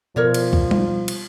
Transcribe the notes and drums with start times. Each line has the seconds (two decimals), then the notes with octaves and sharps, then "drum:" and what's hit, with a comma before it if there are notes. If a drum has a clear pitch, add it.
0.16 B2 F3 A#4 C#5 D5
0.34 drum: cymbal
0.53 drum: kick C2
0.71 drum: tom G3
1.08 drum: cymbal